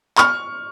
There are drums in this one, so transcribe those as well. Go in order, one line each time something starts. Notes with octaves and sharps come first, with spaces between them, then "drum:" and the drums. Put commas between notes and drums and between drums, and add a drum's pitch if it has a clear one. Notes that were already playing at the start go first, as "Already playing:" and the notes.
C#6 F6, drum: clap